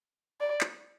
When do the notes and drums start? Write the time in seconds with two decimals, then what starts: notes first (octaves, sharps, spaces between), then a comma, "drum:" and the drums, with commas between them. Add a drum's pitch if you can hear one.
0.41 D5
0.61 drum: clap